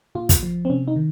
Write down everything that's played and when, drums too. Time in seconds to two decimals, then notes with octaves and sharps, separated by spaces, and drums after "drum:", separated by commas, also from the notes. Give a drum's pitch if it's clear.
0.15 A#2 F4
0.29 drum: kick, hi-hat
0.43 F3
0.65 C4
0.70 C3 C#4
0.88 D#4
0.96 D#3